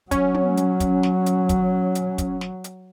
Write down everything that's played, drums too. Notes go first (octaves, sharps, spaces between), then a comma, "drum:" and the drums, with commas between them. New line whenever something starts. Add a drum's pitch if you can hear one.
F#3 C#4, drum: kick, hi-hat
drum: tom
drum: hi-hat
drum: kick, hi-hat
drum: snare
drum: hi-hat
drum: kick, hi-hat
drum: hi-hat
drum: kick, hi-hat
drum: snare
drum: hi-hat